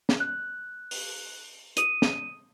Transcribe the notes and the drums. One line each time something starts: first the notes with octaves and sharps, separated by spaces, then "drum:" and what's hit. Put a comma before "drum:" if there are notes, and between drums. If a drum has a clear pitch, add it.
drum: snare
F#6
drum: open hi-hat
D#6 D#7, drum: hi-hat
drum: snare